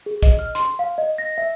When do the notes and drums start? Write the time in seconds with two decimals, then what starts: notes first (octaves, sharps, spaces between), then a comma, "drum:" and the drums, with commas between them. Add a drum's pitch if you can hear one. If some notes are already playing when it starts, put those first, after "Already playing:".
0.06 G#4
0.23 D#5, drum: kick, hi-hat
0.39 F6
0.55 C6, drum: hi-hat
0.79 F5
0.98 D#5
1.18 A#6
1.38 E5